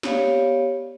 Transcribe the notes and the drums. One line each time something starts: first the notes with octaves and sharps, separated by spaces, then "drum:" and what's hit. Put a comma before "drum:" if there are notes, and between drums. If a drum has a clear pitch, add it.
B3 G4 C#5 D5 F5, drum: snare